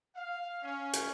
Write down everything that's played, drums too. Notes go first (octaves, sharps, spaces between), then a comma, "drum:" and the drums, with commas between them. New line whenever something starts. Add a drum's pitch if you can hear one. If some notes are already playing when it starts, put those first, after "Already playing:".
F5
C#4
drum: hi-hat